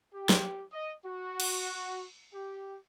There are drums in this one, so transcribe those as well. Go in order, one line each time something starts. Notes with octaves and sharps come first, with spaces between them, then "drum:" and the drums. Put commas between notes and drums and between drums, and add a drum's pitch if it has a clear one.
G4
drum: snare
D#5
F#4
drum: cymbal
G4